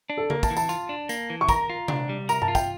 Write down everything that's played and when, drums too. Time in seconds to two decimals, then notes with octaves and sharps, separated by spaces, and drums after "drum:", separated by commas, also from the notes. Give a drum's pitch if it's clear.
0.10 D4
0.17 A4
0.30 A#3 A#4, drum: tom C#3
0.43 A5, drum: kick, tambourine
0.50 E3
0.57 A5, drum: tambourine
0.69 F4, drum: tambourine
0.89 D4
1.09 A#3, drum: tambourine
1.30 E3
1.41 C#6
1.49 A#4 A#5, drum: kick, tambourine
1.70 F4
1.88 D4, drum: tom C3
2.09 G3
2.29 A#4 A#5, drum: tambourine
2.42 A5, drum: tom G2
2.48 F4
2.55 G5, drum: kick, tambourine